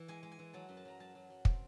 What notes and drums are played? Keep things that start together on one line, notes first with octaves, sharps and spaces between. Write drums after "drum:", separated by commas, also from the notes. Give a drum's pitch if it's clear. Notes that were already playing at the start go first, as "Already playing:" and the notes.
Already playing: E3
G#3 G#5
G#3
G#5
E3
F#3 A5
F#2
A5
F#3 A#5
F#3 A5
F#3
F#3
C4, drum: kick